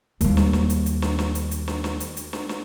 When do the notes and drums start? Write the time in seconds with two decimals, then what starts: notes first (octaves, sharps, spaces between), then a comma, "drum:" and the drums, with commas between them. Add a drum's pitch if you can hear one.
0.21 D#2 G3, drum: hi-hat
0.37 drum: snare
0.53 drum: snare
0.70 drum: hi-hat
0.86 drum: hi-hat
1.02 drum: snare
1.19 drum: snare
1.35 drum: hi-hat
1.51 drum: hi-hat
1.68 drum: snare
1.84 drum: snare
2.00 drum: hi-hat
2.17 drum: hi-hat
2.33 drum: snare
2.49 drum: snare